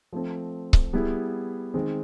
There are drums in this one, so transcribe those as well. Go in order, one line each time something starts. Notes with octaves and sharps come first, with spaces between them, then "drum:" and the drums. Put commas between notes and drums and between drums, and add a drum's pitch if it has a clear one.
F3 A3 C4
drum: kick C#1
G3 B3 E4 G#4
D#3 G#3 C4